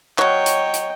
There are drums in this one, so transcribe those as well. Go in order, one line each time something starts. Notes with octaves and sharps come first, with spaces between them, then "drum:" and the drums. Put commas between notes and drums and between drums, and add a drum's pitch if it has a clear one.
F#3 C#5 D#5 G5, drum: clap
drum: hi-hat
drum: hi-hat